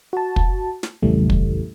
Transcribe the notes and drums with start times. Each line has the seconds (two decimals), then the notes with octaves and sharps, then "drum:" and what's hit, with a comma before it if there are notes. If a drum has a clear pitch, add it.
0.13 F#4 A5
0.36 drum: kick
0.83 drum: snare
1.02 A#1 F2 C#3 E3 G3 A3
1.30 drum: kick